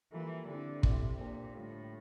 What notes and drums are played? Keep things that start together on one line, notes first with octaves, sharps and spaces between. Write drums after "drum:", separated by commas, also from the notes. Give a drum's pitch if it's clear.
E3 G3 A#3 F4 A4
D3 C4 E4 G4
C3 C4 E4 A4 D5 F5, drum: kick
A#2 A#3 D4 G4 C5
A2 D3 G3 A#3 F4 A4